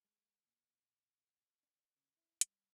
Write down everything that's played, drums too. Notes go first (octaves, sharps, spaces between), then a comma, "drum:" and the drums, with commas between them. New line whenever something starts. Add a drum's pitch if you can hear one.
G#3
A#2
D4
C#3
E4
G2, drum: hi-hat